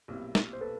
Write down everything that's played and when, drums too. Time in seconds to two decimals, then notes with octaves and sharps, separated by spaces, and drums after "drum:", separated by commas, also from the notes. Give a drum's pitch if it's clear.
0.08 B1 A#2 G3 C4 E4
0.35 drum: snare
0.53 C5
0.61 A4 B4